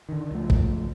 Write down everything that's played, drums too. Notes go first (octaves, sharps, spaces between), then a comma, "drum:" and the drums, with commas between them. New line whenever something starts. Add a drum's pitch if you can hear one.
D3 D#3
C#2 F3 A3
drum: kick